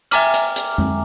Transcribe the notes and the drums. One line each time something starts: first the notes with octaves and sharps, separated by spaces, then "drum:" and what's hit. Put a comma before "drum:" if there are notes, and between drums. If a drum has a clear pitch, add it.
E5 G5 G#5 A#5 D6 F6, drum: hi-hat
drum: hi-hat
drum: hi-hat
drum: tom